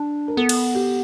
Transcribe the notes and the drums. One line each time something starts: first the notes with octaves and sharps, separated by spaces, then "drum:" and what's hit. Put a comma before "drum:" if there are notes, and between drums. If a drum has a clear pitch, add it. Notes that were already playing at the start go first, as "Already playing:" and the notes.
Already playing: D4
A#4
B3 A4
drum: cymbal
G4